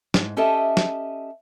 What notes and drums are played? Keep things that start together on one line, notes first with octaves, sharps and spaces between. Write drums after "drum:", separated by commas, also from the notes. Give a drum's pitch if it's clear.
G#2, drum: snare
C#4 G4 A4 D#5 E5 A5
drum: snare